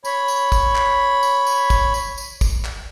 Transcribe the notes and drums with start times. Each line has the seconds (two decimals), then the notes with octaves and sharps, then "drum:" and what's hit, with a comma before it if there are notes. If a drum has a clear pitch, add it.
0.05 C#5 B5, drum: tambourine
0.28 drum: tambourine
0.52 drum: kick, tambourine
0.76 drum: clap
1.23 drum: tambourine
1.47 drum: tambourine
1.70 drum: kick, tambourine
1.94 drum: tambourine
2.18 drum: tambourine
2.41 drum: kick, tambourine
2.65 drum: clap